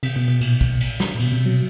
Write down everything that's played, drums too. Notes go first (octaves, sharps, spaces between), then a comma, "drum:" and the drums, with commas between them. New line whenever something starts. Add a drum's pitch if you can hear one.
C3, drum: cymbal
B2
B2
A#2, drum: cymbal
drum: kick
drum: cymbal
drum: snare
A#2
B2, drum: cymbal
C3
F#3